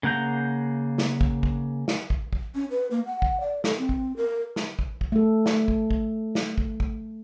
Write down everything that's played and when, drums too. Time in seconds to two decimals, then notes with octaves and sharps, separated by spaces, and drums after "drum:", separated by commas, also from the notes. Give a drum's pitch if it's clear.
0.03 C#3 A#3 F#5 A#5 G6
0.98 drum: snare
1.21 drum: kick
1.43 drum: kick
1.88 drum: snare
2.10 drum: kick
2.33 drum: kick
2.55 C#4
2.71 B4
2.91 A#3
3.06 F#5
3.22 drum: kick
3.41 D5
3.64 A4, drum: snare
3.78 C4
3.89 drum: kick
4.17 A#4
4.56 drum: snare
4.79 drum: kick
5.01 drum: kick
5.12 A3 A4
5.46 drum: snare
5.68 drum: kick
5.91 drum: kick
6.35 drum: snare
6.58 drum: kick
6.80 drum: kick